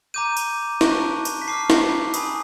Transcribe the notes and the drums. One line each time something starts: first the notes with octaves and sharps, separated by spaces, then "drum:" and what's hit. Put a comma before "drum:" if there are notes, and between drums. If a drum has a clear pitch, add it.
A#5 D6 G6 D#7
drum: tambourine
A5 C#6 F#6, drum: snare
drum: tambourine
B6
A5 D6 F6 C7
drum: snare
G#5 B5 D#6, drum: tambourine